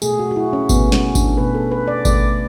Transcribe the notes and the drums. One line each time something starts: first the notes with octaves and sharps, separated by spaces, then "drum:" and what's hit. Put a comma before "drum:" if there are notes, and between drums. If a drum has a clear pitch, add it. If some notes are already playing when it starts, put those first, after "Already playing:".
B2 A3 G#4, drum: tambourine
F#4
F#4
E4
C#4
B2 A3 B3, drum: kick G#1, tambourine
C#4, drum: snare
D4, drum: kick G#1, tambourine
B2 A3 B4
A4
B4
D5
B2 A3 D5, drum: kick G#1, tambourine